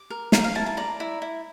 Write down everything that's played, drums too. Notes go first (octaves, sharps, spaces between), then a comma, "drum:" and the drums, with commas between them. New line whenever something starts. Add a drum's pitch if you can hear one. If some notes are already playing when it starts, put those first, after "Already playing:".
Already playing: D6
A#4
A#4 F5, drum: snare
F5
E4 A5
A5
D5 A#5
E4
E4